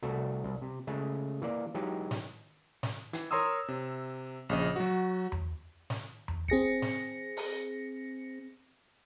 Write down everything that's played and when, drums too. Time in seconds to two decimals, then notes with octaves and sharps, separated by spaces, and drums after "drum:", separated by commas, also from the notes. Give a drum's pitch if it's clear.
0.02 C2 A3 F#4 A4
0.44 C2
0.62 C3
0.87 C#3 G#3 A3
1.42 E3 A#3 D5
1.75 E3 F#3 G#3 D#4 G4
2.11 drum: snare
2.83 drum: snare
3.13 E3, drum: hi-hat
3.31 A#4 C#5 A#5 C6 D#6 E6
3.68 C3
4.49 A#1 C#3 D#5
4.76 F#3 F#4
5.32 drum: tom E2
5.90 drum: snare
6.28 drum: tom E2
6.48 C4 G#4 A#6 C#7, drum: kick
6.82 drum: snare
7.37 drum: open hi-hat